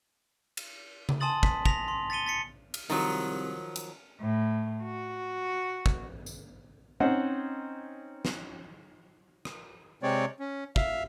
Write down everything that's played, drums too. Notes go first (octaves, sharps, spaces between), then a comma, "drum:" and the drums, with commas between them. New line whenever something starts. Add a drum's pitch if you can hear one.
drum: cymbal
drum: tom C#3
G#5 A5 C6 D#6 A6 F#7
B6, drum: kick
A#6 B6 F7, drum: kick
C6
A6 B6 C#7 D#7 G7
A6 B6 C#7
drum: cymbal
C2 D#3 F3 F#3, drum: open hi-hat
drum: hi-hat
A2
F#4
drum: kick
drum: tambourine
C4 C#4 D#4 C5 F#5
drum: snare
drum: rim click
C3 G#3 C4 C#5 D5
C#4
E5 F5, drum: kick